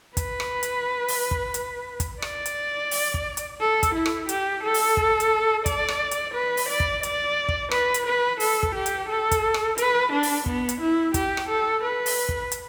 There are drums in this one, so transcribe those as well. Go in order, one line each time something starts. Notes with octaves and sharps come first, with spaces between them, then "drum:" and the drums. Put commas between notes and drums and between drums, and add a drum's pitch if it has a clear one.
B4, drum: kick, hi-hat
drum: rim click
drum: hi-hat
drum: open hi-hat
drum: kick
drum: hi-hat
drum: kick, hi-hat
D5, drum: rim click
drum: hi-hat
drum: open hi-hat
drum: kick
drum: hi-hat
A4
drum: kick, hi-hat
E4
drum: rim click
G4, drum: hi-hat
A4
drum: open hi-hat
drum: kick
drum: hi-hat
D5, drum: kick, hi-hat
drum: rim click
drum: hi-hat
B4
drum: open hi-hat
D5
drum: kick
D5, drum: hi-hat
drum: kick
B4, drum: rim click
drum: hi-hat
B4
A4, drum: open hi-hat
drum: kick
G4
drum: hi-hat
A4
drum: kick, hi-hat
drum: rim click
B4, drum: hi-hat
D4
drum: open hi-hat
B3, drum: kick
drum: hi-hat
E4
G4, drum: kick, hi-hat
drum: rim click
A4
B4
drum: open hi-hat
drum: kick
drum: hi-hat